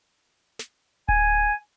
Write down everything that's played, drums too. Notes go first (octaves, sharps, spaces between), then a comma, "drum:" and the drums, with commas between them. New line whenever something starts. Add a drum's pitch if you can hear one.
drum: snare
G#5, drum: kick D1